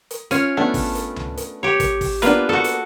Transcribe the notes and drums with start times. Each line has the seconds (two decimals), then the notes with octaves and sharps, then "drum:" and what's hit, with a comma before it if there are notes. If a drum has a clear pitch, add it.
0.11 drum: hi-hat
0.31 C#4 F4, drum: hi-hat
0.57 A3 B3 D4 A5
0.74 drum: kick, open hi-hat
0.95 drum: hi-hat
1.16 drum: tom C#2
1.37 drum: hi-hat
1.63 G4 C#5
1.80 drum: kick, hi-hat
2.01 drum: kick, open hi-hat
2.22 A#3 B3 D4 F4 B4, drum: hi-hat
2.49 F#4 A4
2.64 drum: hi-hat